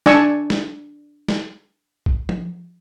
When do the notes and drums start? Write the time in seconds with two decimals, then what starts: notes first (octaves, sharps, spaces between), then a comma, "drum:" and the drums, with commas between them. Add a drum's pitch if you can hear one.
0.06 D4 D5 G#5 A5 C#6 E6, drum: snare
0.50 drum: snare
1.28 drum: snare
2.06 drum: kick
2.29 drum: tom F3